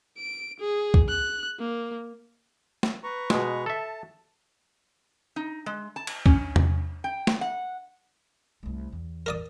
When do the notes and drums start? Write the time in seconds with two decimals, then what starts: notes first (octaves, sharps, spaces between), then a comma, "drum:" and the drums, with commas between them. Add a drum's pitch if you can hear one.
0.18 D7
0.60 G#4
0.94 drum: kick
1.09 F#6
1.59 A#3
2.83 drum: snare
3.03 B4 A#5 C#6
3.30 B2 G#3, drum: snare
3.66 A4 E5 A5
5.36 D#4
5.66 G#3
5.96 A5
6.07 drum: cymbal
6.26 C#4, drum: kick
6.56 drum: tom E2
7.04 G5
7.27 drum: snare
7.41 F#5
8.63 C2 A3
8.93 E2
9.26 A#4 D5 D#6